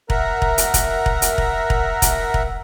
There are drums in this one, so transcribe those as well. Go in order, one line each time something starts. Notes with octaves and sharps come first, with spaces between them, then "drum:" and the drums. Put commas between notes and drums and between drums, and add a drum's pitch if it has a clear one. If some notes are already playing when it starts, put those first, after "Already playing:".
A#4 E5 F#5 A#5, drum: kick E1
drum: kick E1
drum: hi-hat
drum: kick E1, hi-hat
drum: kick E1
drum: hi-hat
drum: kick E1
drum: kick E1
drum: kick E1, hi-hat
drum: kick E1